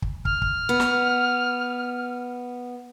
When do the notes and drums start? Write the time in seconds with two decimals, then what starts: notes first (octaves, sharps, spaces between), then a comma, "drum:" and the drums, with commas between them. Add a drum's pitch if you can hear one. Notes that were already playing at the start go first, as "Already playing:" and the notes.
0.02 drum: kick
0.25 F6, drum: kick
0.42 drum: kick
0.69 B3
0.80 drum: snare